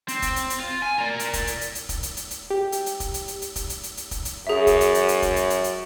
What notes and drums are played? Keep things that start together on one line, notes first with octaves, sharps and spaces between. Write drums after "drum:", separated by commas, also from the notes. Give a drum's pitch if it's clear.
C4, drum: hi-hat
drum: kick, hi-hat
drum: hi-hat
drum: hi-hat
F4
G#5
A#4 D5
drum: hi-hat
drum: kick, hi-hat
drum: hi-hat
drum: hi-hat
drum: hi-hat
drum: kick, hi-hat
drum: hi-hat
drum: hi-hat
drum: hi-hat
G4
drum: hi-hat
drum: hi-hat
drum: kick, hi-hat
drum: hi-hat
drum: hi-hat
drum: hi-hat
drum: kick, hi-hat
drum: hi-hat
drum: hi-hat
drum: hi-hat
drum: kick, hi-hat
drum: hi-hat
F#2 G#4 E5
drum: kick, hi-hat
drum: hi-hat
drum: hi-hat
drum: hi-hat
drum: kick, hi-hat
drum: hi-hat
drum: hi-hat
drum: hi-hat